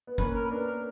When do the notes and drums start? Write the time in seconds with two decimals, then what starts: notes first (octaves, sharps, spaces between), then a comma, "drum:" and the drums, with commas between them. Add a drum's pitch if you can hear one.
0.07 B3
0.18 A#3 C#4 B4, drum: kick, hi-hat
0.34 A#4
0.44 B4
0.51 B3 D4 A#4
0.67 A#4